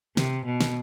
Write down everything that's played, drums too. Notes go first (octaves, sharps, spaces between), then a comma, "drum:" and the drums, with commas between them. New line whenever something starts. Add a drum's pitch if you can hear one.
C3, drum: snare
B2
drum: snare